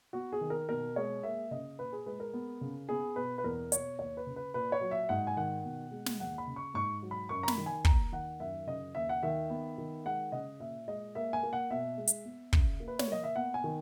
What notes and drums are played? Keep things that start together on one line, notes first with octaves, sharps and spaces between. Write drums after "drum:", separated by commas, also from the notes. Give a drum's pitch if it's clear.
B3 F#4
G#4
D#3
A#4
B2 A#4
G#3 C#5
A#3 E5
C#3 D#5
A#2 B4
G#4
G#3 B4
A#4
B3
C#3
B3 G#4
B2 B4
B4
E2 A#4
B2 C#5, drum: hi-hat
D#2 C#5
B4
C#3
B4
A#2 B4
C#5
F#3
E5
G#2 F#5
G#5
D#3 F#5
B2
G#3
drum: snare
D#2 F#5
B5
C#3
C#6
G#2 C#6
F#3
B5
F#2 C#6
A#5
B5, drum: snare
D#3
G#5
D#2 A#5, drum: kick
D#3 F#5
F#2 E5
C#3 D#5
D#2 E5
F#5
D#3 E5
B3
D#3
G#3 F#5
C#3 D#5
A#2 E5
G#3 D#5
A#3 E5
G#5
A#3
F#5
B2 E5
G#3
drum: hi-hat
B3
C#3, drum: kick
A#3
B4
C#5, drum: snare
A#3 D#5
E5
B3 F#5
G#5
D#3